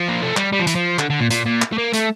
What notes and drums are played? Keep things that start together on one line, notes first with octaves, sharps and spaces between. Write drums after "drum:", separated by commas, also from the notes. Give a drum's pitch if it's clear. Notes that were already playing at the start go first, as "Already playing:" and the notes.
Already playing: F3
A#3
A3
G3, drum: clap
G3
F3
E3, drum: hi-hat
F3
D3, drum: clap
D3
A#2
A#2, drum: hi-hat
A#2
drum: clap
A3
A#3
A3, drum: hi-hat